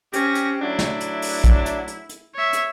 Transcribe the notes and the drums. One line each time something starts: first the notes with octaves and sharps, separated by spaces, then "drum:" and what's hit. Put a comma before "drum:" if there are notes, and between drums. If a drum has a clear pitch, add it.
C4 C#4 G4 A#6, drum: hi-hat
drum: hi-hat
F#3 A3 D4 E4
drum: snare
drum: hi-hat
drum: open hi-hat
drum: kick, hi-hat
drum: hi-hat
drum: hi-hat
drum: hi-hat
C#5 E5
drum: hi-hat